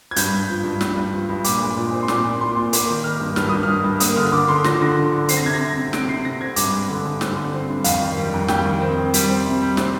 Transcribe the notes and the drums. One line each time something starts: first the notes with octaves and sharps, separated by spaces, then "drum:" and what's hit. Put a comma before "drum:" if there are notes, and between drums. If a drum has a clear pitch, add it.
G#6
G2 G6, drum: hi-hat
G2
F3
G2
G2, drum: snare
G2
F3
G2
A#2 D6, drum: hi-hat
G#3
A#2
C4
C6
A#2 D6, drum: snare
A#2
A#2 C6
A#2
A#3 D6, drum: hi-hat
D#3
A#3 F6
G2
G2 F6, drum: snare
G2 D#6
G2 F6
G2
A#3 D#6, drum: hi-hat
D3 F6
D3 D6
D3 C6
F3 A#6, drum: snare
D3
D3
D3
C4 C7, drum: hi-hat
A#6
C3 G#6
A#6
C3
C3
C3 D7, drum: snare
C3 C7
C3 A#6
C4 G#6
G2 D6, drum: hi-hat
G#3
D3
G2
C4, drum: snare
D3
C4
G2
F2 F5, drum: hi-hat
D#3
G3
F2
G3 G5, drum: snare
D#3
C4
C4
G3, drum: hi-hat
C4
C3
G3
C4, drum: snare